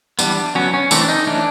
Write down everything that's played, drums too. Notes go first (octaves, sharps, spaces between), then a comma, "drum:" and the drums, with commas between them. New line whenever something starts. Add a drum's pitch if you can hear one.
E3 G3 B3 D4, drum: tambourine
F#3 B3 C#4
C#4
E3 A3 C4 D4, drum: tambourine
D4
D#4
E3 A3 C#4 D4